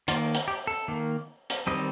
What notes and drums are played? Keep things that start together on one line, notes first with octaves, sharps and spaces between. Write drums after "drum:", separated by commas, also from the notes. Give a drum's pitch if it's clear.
D#3 A#3 F4, drum: hi-hat
drum: hi-hat
G4
A4
D#3 A#3
drum: hi-hat
D#3 G3 C4 D#5